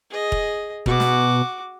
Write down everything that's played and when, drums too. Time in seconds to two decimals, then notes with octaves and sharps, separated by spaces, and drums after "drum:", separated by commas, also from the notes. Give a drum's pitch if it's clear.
0.10 G#4 D#5
0.32 drum: kick E1
0.86 B2 F#4 D6, drum: kick E1
1.00 drum: snare